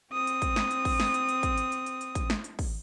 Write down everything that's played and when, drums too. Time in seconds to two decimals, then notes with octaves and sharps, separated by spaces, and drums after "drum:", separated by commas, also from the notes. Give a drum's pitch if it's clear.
0.13 C4 D#6
0.27 drum: hi-hat
0.42 drum: kick, hi-hat
0.56 drum: snare
0.71 drum: hi-hat
0.85 drum: kick, open hi-hat
1.00 drum: snare
1.14 drum: hi-hat
1.29 drum: hi-hat
1.43 drum: kick, hi-hat
1.58 drum: hi-hat
1.72 drum: hi-hat
1.86 drum: hi-hat
2.01 drum: hi-hat
2.15 drum: kick, hi-hat
2.30 drum: snare
2.44 drum: hi-hat
2.59 drum: kick, open hi-hat